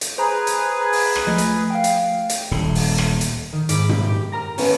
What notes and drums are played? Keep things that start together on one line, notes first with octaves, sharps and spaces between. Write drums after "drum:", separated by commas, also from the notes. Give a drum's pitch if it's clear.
drum: hi-hat
G#4 B4 C5 A#5
drum: hi-hat
A#5 F#6 G#6
drum: open hi-hat
drum: rim click
F3 A3 D#5
drum: hi-hat
F5 G5
drum: hi-hat
drum: hi-hat
D#1 A2
drum: open hi-hat
drum: rim click
drum: hi-hat
D#3
G#2 B5 D6, drum: hi-hat
drum: tom
G4
A#4 A#5 A#6
A3 B3 C#4, drum: open hi-hat